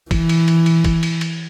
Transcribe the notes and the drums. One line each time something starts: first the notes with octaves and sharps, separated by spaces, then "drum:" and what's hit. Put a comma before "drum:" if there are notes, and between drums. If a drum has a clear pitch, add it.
E3, drum: kick, cymbal
drum: cymbal
drum: cymbal
drum: cymbal
drum: kick, cymbal
drum: cymbal
drum: cymbal